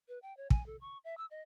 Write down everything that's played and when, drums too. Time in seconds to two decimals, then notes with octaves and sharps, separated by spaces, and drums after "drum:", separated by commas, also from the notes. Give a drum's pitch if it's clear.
0.08 B4
0.22 G5
0.37 C#5
0.50 G#5, drum: kick
0.66 A4
0.81 C#6
1.04 E5
1.17 E6
1.31 D#5